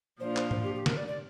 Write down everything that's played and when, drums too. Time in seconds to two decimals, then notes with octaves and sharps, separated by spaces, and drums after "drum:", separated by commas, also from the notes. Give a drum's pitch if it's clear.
0.20 A#2 F3 D4 F4 C5
0.37 C5, drum: clap
0.51 drum: tom G#2
0.64 G4
0.75 G4
0.86 A#4, drum: snare
0.97 D5
1.08 D5